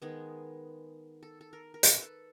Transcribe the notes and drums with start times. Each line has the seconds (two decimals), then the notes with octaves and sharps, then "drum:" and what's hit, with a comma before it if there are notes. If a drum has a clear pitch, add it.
0.02 D#3 G#3 B3 G#4
1.23 A4
1.41 A4
1.53 A#4
1.74 A#4
1.83 B4, drum: hi-hat
2.03 A4